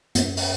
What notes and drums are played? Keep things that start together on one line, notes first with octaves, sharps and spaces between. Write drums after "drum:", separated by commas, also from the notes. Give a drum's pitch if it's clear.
F#2, drum: hi-hat
drum: open hi-hat